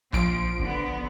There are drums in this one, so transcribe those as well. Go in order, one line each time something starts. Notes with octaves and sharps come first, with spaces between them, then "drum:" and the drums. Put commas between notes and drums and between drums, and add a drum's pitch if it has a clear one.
A#1 F3 D7, drum: clap
D3 B3, drum: kick F#1